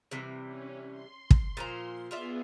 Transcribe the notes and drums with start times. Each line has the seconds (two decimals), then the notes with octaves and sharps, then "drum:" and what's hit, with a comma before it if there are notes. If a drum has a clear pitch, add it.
0.11 C3 E3 G3
0.45 C#4
0.91 C6
1.30 drum: kick
1.57 A#2 F3 A#5
2.11 B3 F4 G#4 D5 E5